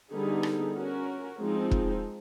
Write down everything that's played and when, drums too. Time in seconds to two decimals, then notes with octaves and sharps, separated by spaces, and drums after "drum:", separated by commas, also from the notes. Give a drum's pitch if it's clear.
0.11 D3 G3 B3 D#4 G#4
0.43 drum: rim click
0.76 C#4 F#4 A#4
1.40 F3 G#3 C4 D#4
1.71 drum: kick